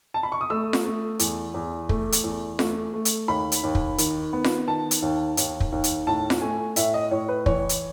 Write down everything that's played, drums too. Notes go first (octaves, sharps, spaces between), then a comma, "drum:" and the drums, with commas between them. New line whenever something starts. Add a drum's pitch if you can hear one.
A5
B5
C#6
D#6
A3 E6
drum: snare F4
A3
E2, drum: hi-hat
E2
A3, drum: kick
drum: hi-hat
E2
A3, drum: snare F4
A3
drum: hi-hat
D#2 B5
drum: hi-hat
D#2
drum: kick
D#3, drum: hi-hat
B3
drum: snare F4
D#3 A5
drum: hi-hat
D#2
D#2, drum: hi-hat
drum: kick
D#2
drum: hi-hat
A2 A5
drum: snare F4
A3 G#5
A2 E5, drum: hi-hat
D#5
A2 C#5
B4
E3 C#5, drum: kick
drum: hi-hat